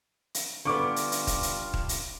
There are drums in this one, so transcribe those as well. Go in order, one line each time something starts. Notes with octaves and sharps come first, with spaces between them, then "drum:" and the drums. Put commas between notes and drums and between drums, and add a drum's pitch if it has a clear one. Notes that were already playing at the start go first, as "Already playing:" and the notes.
drum: hi-hat
D3 G3 B3 D4 F4 C#6 D6
drum: hi-hat
drum: hi-hat
drum: kick D#1, hi-hat
drum: hi-hat
drum: kick D#1
drum: hi-hat